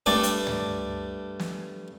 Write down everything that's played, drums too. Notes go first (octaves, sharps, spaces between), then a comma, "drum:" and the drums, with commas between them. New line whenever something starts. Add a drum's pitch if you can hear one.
G2 A3 D5
drum: hi-hat
drum: tom
drum: snare